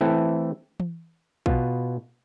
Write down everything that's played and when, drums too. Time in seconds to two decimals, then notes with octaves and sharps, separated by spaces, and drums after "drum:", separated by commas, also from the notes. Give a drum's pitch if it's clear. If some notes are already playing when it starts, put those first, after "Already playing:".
0.01 E3 A3 C4 E4 A4
0.80 drum: tom E3
1.46 B2 B3 F4, drum: kick